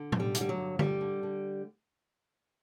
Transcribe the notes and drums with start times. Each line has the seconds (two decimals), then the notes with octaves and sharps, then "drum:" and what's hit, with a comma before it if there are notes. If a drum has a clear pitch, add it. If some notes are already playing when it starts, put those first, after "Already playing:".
Already playing: D3
0.12 G2, drum: tom A2
0.20 G3
0.35 D3, drum: hi-hat
0.41 G3
0.49 F#3
0.57 G2
0.79 D3 G3, drum: tom D3
1.01 D3
1.23 D3